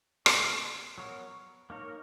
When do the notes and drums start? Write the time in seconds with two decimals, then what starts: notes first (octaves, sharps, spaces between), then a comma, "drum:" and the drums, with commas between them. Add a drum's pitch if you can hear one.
0.26 C#3 G#3 B3 F#4, drum: rim click
0.98 F#3 B3 F#4 A#4 C#5
1.70 A#3 D#4 A#4 C#5